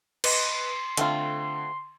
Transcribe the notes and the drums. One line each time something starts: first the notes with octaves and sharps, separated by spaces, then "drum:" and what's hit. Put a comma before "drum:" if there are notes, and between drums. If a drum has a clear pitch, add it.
B4 D#5 C6, drum: cymbal
D3 A3 C4 F4, drum: hi-hat